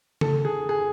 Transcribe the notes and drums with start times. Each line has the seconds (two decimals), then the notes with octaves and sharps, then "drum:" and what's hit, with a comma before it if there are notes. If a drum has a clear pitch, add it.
0.21 A4, drum: tom C#3
0.45 G#4
0.69 G#4